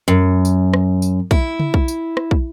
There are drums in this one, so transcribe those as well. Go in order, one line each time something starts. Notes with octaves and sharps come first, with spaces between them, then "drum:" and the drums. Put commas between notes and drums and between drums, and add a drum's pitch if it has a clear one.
F#2
drum: tambourine
drum: rim click
drum: tambourine
E4, drum: kick
drum: tom C#3
drum: kick
drum: tambourine
drum: rim click
drum: kick